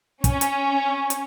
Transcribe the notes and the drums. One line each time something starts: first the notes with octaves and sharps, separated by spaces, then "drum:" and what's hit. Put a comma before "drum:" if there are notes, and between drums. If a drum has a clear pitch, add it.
C#4, drum: kick, hi-hat
drum: hi-hat
drum: hi-hat